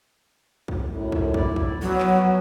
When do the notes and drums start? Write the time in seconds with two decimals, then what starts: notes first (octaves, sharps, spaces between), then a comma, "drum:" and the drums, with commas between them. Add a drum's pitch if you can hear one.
0.68 drum: kick
0.89 F#2 A2
1.12 drum: kick
1.34 E4 D5, drum: kick
1.56 drum: kick
1.82 F#3 B3 C#4
2.00 drum: clap